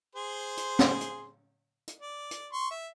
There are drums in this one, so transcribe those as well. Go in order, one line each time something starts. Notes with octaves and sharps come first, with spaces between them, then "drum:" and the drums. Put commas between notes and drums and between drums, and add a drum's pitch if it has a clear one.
G#4 C5 C6
drum: hi-hat
drum: snare
drum: hi-hat
drum: hi-hat
D5
drum: hi-hat
C6 C#6
E5